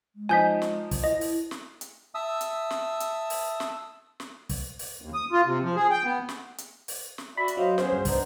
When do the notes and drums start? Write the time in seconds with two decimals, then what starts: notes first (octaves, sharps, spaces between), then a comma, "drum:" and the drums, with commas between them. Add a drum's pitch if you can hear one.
0.16 G#3
0.29 F3 D#4 G#5 G6 B6
0.62 drum: snare
0.91 drum: kick, open hi-hat
1.04 E4 D#5
1.21 drum: open hi-hat
1.51 drum: snare
1.81 drum: hi-hat
2.15 E5 A5 D#6 E6
2.41 drum: hi-hat
2.70 drum: snare
3.00 drum: hi-hat
3.30 drum: open hi-hat
3.60 drum: snare
4.20 drum: snare
4.50 drum: kick, open hi-hat
4.79 drum: open hi-hat
5.02 D#2
5.14 D#6
5.32 F4
5.46 C3
5.63 F3
5.76 G#4
5.90 G5
6.04 B3
6.29 drum: snare
6.58 drum: hi-hat
6.88 drum: open hi-hat
7.18 drum: snare
7.37 F#4 D5 E5 B5
7.48 drum: hi-hat
7.57 F#3 C5 D#5 F5
7.78 B3 C#4 G#4 C5, drum: snare
7.93 G2
8.05 B3 D4 D#4, drum: kick, open hi-hat